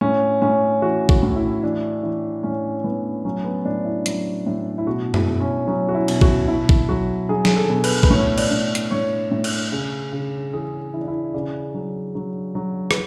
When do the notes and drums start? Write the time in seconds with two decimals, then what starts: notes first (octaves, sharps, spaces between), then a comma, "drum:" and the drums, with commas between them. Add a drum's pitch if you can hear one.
0.01 A2 C#4
0.42 A2 C#4
0.82 E3 F#4
1.09 F#4, drum: kick A#1
1.23 A2
1.36 E4
1.63 E3 D4
2.03 E3
2.43 A2 C#4
2.84 A2 B3
3.25 F#3 C#4
3.44 B3
3.65 A2 D4
3.85 E4
4.06 F#3, drum: hi-hat
4.47 A2
4.78 E4
4.87 B2 F#4
5.14 E4, drum: tom F#2
5.27 B2
5.40 C#4
5.67 F#3 C#4
5.89 F#4
5.95 E4
6.08 B2, drum: cymbal
6.21 F#4, drum: kick A#1
6.48 B2 E4
6.69 drum: kick A#1
6.89 F#3 F#4
7.29 F#3 G#4
7.45 G#4, drum: snare
7.56 A4
7.70 B2
7.84 B4, drum: cymbal
8.03 B4, drum: kick A#1
8.10 A2 C#5
8.38 D5, drum: cymbal
8.51 A2
8.75 drum: hi-hat
8.91 A2 C#5
9.31 A2
9.44 drum: cymbal
9.72 C#3
10.13 C#3
10.53 E3 G#4
10.94 E3 E4
11.01 D4
11.08 E4
11.34 C#3 D5
11.74 F#3
12.15 F#3
12.55 F#3
12.91 B4, drum: rim click